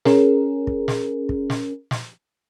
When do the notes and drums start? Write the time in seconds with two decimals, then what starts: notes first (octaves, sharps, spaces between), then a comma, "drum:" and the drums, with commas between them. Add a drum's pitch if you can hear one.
0.05 C#4 G#4 A#4, drum: snare
0.67 drum: kick
0.88 drum: snare
1.29 drum: kick
1.50 drum: snare
1.91 drum: snare